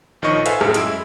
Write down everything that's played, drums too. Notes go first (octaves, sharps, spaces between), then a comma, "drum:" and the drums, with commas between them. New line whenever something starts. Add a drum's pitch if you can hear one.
A#1 D#3 F3 C#5 D#5 C#6
A4 B4 C5 E5 F5 G#5, drum: hi-hat
F#2 A2, drum: rim click
F#2 G#3 E4 E6 D7, drum: hi-hat